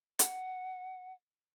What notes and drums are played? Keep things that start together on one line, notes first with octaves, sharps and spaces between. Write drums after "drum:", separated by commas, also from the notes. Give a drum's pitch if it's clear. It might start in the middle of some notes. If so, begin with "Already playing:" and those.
F#5, drum: hi-hat